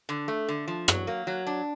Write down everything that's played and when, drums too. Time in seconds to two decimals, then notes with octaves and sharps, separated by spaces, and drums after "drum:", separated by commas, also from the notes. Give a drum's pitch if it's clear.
0.09 D3
0.28 A3
0.48 D3
0.68 F3
0.88 F#3, drum: rim click
1.07 A#3
1.27 F#3
1.47 D4